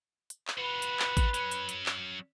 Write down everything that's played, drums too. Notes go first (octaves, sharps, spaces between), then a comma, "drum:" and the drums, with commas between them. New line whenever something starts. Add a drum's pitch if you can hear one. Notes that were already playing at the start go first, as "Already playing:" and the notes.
drum: hi-hat
drum: clap
F4 F#4 B4
drum: hi-hat
drum: clap
drum: kick A1, hi-hat
F#3 C#4, drum: hi-hat
drum: hi-hat
drum: hi-hat
drum: clap